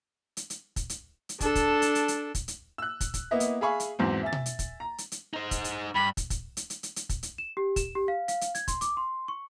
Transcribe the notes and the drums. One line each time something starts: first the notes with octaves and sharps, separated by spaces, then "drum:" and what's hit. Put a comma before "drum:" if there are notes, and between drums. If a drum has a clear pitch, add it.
drum: hi-hat
drum: hi-hat
drum: kick, hi-hat
drum: hi-hat
drum: hi-hat
D4 A4, drum: kick, hi-hat
drum: kick, hi-hat
drum: hi-hat
drum: hi-hat
drum: hi-hat
drum: kick, hi-hat
drum: hi-hat
E6 F#6
drum: kick, hi-hat
drum: kick, hi-hat
A#3 B3 E4 D#5 E5
drum: hi-hat
G#4 E5 F5 G#5 B5 C#6
drum: hi-hat
E2 G#2 F#3 C4
E5 G#5 A6
drum: tom B2
drum: hi-hat
drum: kick, hi-hat
A#5
drum: hi-hat
drum: hi-hat
D#4 C5
drum: kick, hi-hat
drum: hi-hat
G2 B5
drum: kick, hi-hat
drum: kick, hi-hat
drum: hi-hat
drum: hi-hat
drum: hi-hat
drum: hi-hat
drum: kick, hi-hat
drum: hi-hat
E7
G4
E7, drum: kick, hi-hat
G4
F5
F5, drum: hi-hat
drum: hi-hat
G#6, drum: hi-hat
C6, drum: kick, hi-hat
D6, drum: hi-hat
C6
C#6